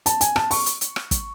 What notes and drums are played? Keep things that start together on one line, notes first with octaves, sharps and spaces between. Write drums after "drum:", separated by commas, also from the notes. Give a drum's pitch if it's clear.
A5, drum: hi-hat
G#5, drum: hi-hat
A5, drum: rim click
C#6, drum: open hi-hat
drum: hi-hat
drum: hi-hat
drum: rim click
drum: kick, hi-hat